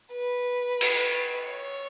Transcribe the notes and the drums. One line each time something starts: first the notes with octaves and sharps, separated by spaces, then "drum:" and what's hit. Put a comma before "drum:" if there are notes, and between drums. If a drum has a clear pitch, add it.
B4
drum: cymbal
C#5